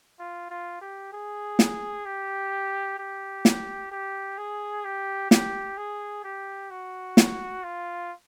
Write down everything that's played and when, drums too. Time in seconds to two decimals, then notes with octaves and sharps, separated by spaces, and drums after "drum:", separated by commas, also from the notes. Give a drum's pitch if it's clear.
0.19 F4
0.50 F4
0.82 G4
1.13 G#4
1.59 drum: snare
2.05 G4
2.98 G4
3.45 drum: snare
3.92 G4
4.38 G#4
4.85 G4
5.31 G4, drum: snare
5.78 G#4
6.24 G4
6.70 F#4
7.17 drum: snare
7.64 F4